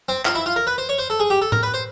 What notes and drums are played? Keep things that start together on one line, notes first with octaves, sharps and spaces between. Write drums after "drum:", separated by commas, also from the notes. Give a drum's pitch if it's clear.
C4
F4, drum: clap
E4
F4
A#4
B4
C5
C#5
C5
A4
G#4
G4
A4
A#4, drum: tom A2
B4
C5